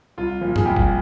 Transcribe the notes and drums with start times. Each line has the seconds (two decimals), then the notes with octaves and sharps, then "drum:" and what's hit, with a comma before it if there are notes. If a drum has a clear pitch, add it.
0.18 C2 F4
0.41 A#2 F3
0.56 G#4, drum: tom
0.65 C2 G4
0.77 drum: kick